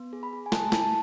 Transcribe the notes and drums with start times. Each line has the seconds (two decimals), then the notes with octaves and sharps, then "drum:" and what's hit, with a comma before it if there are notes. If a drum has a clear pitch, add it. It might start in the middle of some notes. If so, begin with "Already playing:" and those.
Already playing: B3
0.13 G#4
0.23 B5
0.33 G#4
0.46 G#5
0.52 A3 A5, drum: snare
0.72 E4, drum: snare
0.81 A5